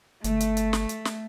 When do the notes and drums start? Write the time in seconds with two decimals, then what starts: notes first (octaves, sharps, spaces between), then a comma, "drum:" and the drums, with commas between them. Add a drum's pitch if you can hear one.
0.24 G1 A3, drum: hi-hat
0.40 drum: hi-hat
0.57 drum: hi-hat
0.73 drum: snare
0.89 drum: hi-hat
1.05 drum: snare